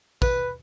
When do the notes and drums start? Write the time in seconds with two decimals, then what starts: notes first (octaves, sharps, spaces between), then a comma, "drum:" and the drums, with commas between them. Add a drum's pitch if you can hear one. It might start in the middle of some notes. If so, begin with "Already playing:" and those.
0.22 B4, drum: kick, tambourine